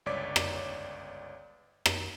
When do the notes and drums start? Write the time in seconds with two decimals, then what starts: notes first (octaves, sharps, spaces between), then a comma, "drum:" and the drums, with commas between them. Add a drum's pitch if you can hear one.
0.06 G1 C#2 C#5 D5 D6 B6
0.36 drum: rim click
1.86 drum: rim click